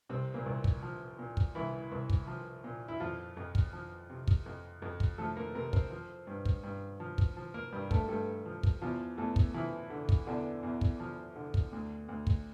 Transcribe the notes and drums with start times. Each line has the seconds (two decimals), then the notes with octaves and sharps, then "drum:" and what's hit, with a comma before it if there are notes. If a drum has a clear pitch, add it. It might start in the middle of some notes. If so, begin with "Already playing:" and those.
0.10 C2 C3 C4
0.34 A#2 A#3
0.46 C2
0.64 drum: kick
0.83 F3
1.19 A#2
1.37 drum: kick
1.55 C2 E3 E4
1.92 C2
2.10 drum: kick
2.27 F3
2.64 A#2
2.88 E4
3.00 F2 F3 F4
3.37 F2
3.55 drum: kick
3.73 F3
4.10 C3
4.28 drum: kick
4.46 F2
4.82 F2
5.00 drum: kick
5.18 F3 A3 A4
5.36 A#3 A#4
5.55 C3 A#3 A#4
5.73 C4 C5, drum: kick
5.91 F3
6.27 G2
6.45 drum: kick
6.64 G2
7.00 F3
7.18 drum: kick
7.37 F3
7.54 A#3 A#4
7.72 G2 G3 G4
7.91 A3 A4, drum: kick
8.08 G2 A3 A4
8.45 F3
8.63 drum: kick
8.82 E2 F3 F4
9.18 E2 A3 A4
9.36 drum: kick
9.54 E3 F3 E4
9.90 D3
10.09 drum: kick
10.27 E2 D3 D4
10.63 E2
10.81 drum: kick
11.00 F3
11.36 D3
11.54 drum: kick
11.72 D2
12.08 D2
12.27 drum: kick